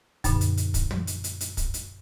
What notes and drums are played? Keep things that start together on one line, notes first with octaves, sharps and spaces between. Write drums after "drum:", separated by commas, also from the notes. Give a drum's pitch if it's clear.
F#2 A#2 D3, drum: kick, hi-hat
drum: hi-hat
drum: hi-hat
drum: kick, hi-hat
drum: tom
drum: hi-hat
drum: hi-hat
drum: hi-hat
drum: kick, hi-hat
drum: hi-hat